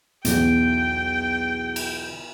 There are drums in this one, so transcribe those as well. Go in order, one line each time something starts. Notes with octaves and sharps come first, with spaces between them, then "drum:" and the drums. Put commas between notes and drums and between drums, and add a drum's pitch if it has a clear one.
B1 E2 G5, drum: hi-hat
drum: cymbal